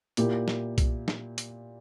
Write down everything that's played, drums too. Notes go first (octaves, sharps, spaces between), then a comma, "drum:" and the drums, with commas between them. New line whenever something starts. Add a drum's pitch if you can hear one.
A#2 A#3 E4 G4 A#4, drum: hi-hat
drum: snare
drum: kick B1, hi-hat
drum: snare
drum: hi-hat